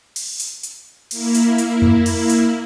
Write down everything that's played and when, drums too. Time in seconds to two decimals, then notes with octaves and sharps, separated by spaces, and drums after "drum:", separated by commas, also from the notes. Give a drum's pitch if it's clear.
0.16 drum: open hi-hat
0.40 drum: hi-hat
0.63 drum: hi-hat
1.11 A#3 E4, drum: open hi-hat
1.34 drum: hi-hat
1.58 drum: hi-hat
1.82 drum: tom F2
2.06 drum: open hi-hat
2.29 drum: hi-hat